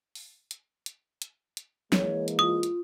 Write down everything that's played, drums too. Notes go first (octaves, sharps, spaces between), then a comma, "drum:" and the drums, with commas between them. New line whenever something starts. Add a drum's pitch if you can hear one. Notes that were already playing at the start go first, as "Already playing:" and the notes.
drum: open hi-hat
drum: hi-hat
drum: hi-hat
drum: hi-hat
drum: hi-hat
E3 G#3 A#3 C#5, drum: snare
drum: hi-hat
F4 D#6
drum: hi-hat